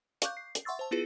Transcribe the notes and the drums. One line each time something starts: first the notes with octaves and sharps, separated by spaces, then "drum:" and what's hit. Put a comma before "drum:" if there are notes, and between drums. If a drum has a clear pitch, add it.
F5 C#6 D6 F#6 G6, drum: hi-hat
C7
drum: hi-hat
E5 F#5 C6 C#6 E6 A6
C5 A5
B3 E4 F4 G#4 B4